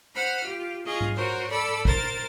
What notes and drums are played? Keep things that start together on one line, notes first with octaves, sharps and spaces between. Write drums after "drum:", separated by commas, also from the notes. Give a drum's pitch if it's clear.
C5 F#5 B5 F6
F4 G4
F4 G#4 D#5 C#6
drum: tom G#2
F#4 A#4 C5 C#5
A4 D5 B5 E6
A#4 C5 A6, drum: kick